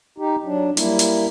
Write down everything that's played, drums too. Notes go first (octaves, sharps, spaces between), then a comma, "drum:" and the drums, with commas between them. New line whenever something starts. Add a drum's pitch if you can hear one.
D#4 G4
F#3 D4
G3 A#3 E4, drum: hi-hat
drum: hi-hat